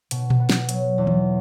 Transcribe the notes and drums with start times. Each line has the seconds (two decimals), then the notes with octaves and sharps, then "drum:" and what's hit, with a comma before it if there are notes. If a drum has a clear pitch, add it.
0.11 B2, drum: hi-hat
0.30 drum: tom A#2
0.40 B3
0.50 drum: snare
0.69 F#3, drum: hi-hat
0.98 E2
1.07 drum: tom E3